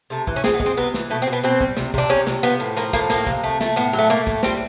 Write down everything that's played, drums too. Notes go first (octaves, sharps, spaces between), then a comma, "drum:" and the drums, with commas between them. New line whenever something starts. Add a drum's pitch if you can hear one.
C3 A3
E3, drum: kick
C#4
G#3 C4, drum: snare
B3
G#3, drum: kick
C4
C3 B3
E3, drum: snare
B2 A3
C4
B2
B3
B2 C4
G3, drum: kick
C3, drum: snare
C3 D4, drum: kick
C3 C#4
C3, drum: snare
F3 B3
A2
F3 A#3
A2 A#3, drum: kick
F3 A#3, drum: snare
C3, drum: kick
A3
A3, drum: snare
A2 B3
F#3
A3
A3 A#3
A2, drum: kick
G3 C4, drum: snare